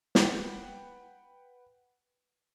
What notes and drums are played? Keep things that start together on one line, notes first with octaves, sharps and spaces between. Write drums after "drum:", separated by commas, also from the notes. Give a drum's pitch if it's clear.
B4 F#5 G5, drum: snare